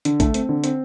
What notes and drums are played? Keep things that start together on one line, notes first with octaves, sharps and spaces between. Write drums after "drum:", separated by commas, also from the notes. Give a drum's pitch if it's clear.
D3, drum: hi-hat
A3, drum: kick, hi-hat
C4, drum: hi-hat
D3
C4, drum: hi-hat